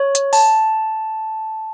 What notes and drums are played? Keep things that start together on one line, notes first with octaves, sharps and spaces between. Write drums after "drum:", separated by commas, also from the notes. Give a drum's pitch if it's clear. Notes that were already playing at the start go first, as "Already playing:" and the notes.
Already playing: C#5
drum: hi-hat
A5, drum: open hi-hat